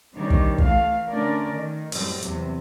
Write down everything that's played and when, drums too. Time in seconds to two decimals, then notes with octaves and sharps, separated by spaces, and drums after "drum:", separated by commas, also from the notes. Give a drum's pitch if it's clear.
0.13 C3 D#3 G3 C#4 D4
0.30 drum: kick
0.58 E3 A3 F5, drum: kick
1.07 D3 A3 C#4 A#4 D5
1.52 D#3
1.92 F#2 A2 F#3 G3 C4, drum: open hi-hat
2.22 E2 C3, drum: hi-hat